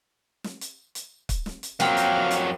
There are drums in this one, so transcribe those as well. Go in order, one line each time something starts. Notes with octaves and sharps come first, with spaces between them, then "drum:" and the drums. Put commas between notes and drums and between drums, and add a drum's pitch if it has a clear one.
drum: snare
drum: hi-hat
drum: hi-hat
drum: kick, hi-hat
drum: snare
drum: hi-hat
F2 F#3 A#3 C4 F5 G5, drum: snare
drum: hi-hat
drum: hi-hat